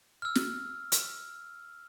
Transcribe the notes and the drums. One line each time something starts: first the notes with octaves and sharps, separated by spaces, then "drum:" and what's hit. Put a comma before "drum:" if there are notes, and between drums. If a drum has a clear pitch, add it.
E6 F6
drum: snare
drum: hi-hat